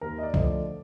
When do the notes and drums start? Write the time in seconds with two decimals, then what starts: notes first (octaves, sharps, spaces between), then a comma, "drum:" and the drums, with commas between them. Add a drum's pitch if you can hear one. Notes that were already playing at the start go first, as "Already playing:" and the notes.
0.01 D#2 A#4
0.18 D#5
0.23 D5
0.34 D3 F3 A3 D#5, drum: kick B1
0.44 D5